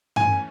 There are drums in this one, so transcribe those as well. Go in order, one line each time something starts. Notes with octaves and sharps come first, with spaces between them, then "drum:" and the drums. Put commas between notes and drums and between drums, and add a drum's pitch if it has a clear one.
E3 A3 C#4 G#5, drum: tom G2